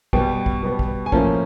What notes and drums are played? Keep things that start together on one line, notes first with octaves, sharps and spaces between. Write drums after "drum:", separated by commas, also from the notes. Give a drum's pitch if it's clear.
B2 G3 B3 G5, drum: kick
drum: kick
B2 G3 B3
drum: kick
G#5
A2 F3 A#3 C#4 A5, drum: kick